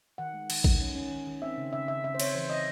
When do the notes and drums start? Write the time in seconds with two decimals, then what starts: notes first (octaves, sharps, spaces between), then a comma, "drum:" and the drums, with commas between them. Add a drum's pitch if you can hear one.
0.18 D#3 F#5
0.34 G#3
0.50 D#3, drum: cymbal
0.64 D#3, drum: kick A1
0.81 C#4
0.95 C#4
1.11 D#3
1.27 D#3
1.42 C4 E5
1.58 C#3
1.73 C#3 E5
1.88 C#3 E5
2.04 C#3 E5
2.14 C5
2.20 C4 C#5, drum: cymbal
2.35 E3 C5
2.50 C#3 D#5